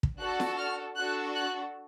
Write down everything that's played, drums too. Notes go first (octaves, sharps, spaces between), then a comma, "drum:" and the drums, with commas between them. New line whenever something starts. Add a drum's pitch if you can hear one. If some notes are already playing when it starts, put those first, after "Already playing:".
drum: kick
D4 F#4 A4 F#6
drum: snare
F6
D4 F#4 A4 F#6
F#6